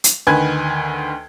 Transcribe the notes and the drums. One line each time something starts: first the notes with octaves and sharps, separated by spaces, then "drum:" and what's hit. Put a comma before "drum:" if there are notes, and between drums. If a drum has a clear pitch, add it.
drum: hi-hat
D2 D#3 B4 G#5 G#6